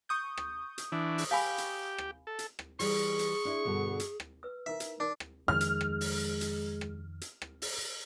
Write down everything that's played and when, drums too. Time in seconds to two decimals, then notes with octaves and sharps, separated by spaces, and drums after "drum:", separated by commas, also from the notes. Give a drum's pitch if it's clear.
0.09 C#6 D#6 G6
0.37 drum: rim click
0.78 drum: hi-hat
0.92 E3 D4
1.18 drum: open hi-hat
1.31 G4 F5 G#5 B5
1.58 drum: hi-hat
1.98 drum: rim click
2.27 A4
2.39 drum: hi-hat
2.59 drum: rim click
2.79 E3 G3 G#4 C#6, drum: open hi-hat
3.19 drum: hi-hat
3.45 D4 E4 D5
3.65 G2 B2 D3
4.00 drum: hi-hat
4.20 drum: rim click
4.43 B4 E6
4.66 D#4 E4 A#4 E5
4.80 drum: hi-hat
5.00 D4 D#4 A#4
5.20 drum: rim click
5.48 F2 D#3 G#3 F6
5.61 drum: hi-hat
5.81 drum: rim click
6.01 drum: open hi-hat
6.41 drum: hi-hat
6.81 drum: rim click
7.21 drum: hi-hat
7.42 drum: rim click
7.62 drum: open hi-hat